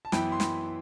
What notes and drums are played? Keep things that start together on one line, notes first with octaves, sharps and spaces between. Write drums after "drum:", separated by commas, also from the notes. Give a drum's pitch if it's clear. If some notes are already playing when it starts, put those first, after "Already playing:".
A5
F#2 E3 B3 E4 G5 B5, drum: snare
C6
G5 B5, drum: snare